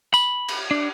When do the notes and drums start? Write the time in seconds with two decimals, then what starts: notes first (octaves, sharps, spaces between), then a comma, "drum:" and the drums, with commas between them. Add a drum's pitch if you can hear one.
0.14 B5, drum: tambourine
0.48 drum: cymbal
0.71 D4